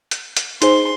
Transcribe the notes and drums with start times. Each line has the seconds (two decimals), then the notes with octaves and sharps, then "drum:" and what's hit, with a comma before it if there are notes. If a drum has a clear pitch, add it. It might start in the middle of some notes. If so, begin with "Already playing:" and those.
0.11 drum: hi-hat
0.37 drum: hi-hat
0.62 D#4 G#4 C5 C6, drum: hi-hat